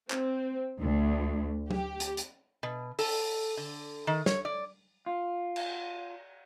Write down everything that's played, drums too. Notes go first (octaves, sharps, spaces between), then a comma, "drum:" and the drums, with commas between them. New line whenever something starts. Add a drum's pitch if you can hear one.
C4, drum: clap
D2
G4, drum: tom
drum: hi-hat
drum: hi-hat
B2
A4, drum: open hi-hat
D3
D#3
C#5, drum: snare
D5
F4
drum: cymbal